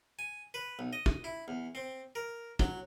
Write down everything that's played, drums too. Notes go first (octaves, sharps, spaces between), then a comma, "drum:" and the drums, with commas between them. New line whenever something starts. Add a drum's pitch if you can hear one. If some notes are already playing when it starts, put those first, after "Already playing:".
G#5
B4
B1
D#5
drum: kick
E4
E2
C4
A#4
F#3, drum: kick